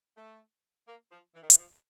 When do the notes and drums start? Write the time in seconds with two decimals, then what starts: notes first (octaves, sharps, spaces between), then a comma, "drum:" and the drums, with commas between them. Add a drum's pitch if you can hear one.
0.17 A3
0.88 A#3
1.12 F3
1.35 E3
1.43 D#3
1.50 E3, drum: hi-hat
1.58 F3